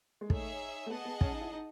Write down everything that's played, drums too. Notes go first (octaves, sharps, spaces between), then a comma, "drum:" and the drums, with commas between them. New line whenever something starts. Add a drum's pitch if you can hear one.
G#3
A3 D#4 G#4 C#5 E5, drum: kick
A3
B3 G#4 D#5 F#5 A5
B3
C#4, drum: kick
D#4
E4
D#4